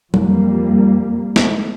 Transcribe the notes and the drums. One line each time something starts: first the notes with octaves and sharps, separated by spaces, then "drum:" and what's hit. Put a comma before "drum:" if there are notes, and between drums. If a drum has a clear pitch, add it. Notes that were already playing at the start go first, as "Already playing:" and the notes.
F2 G3 A#3, drum: tom F#3
drum: snare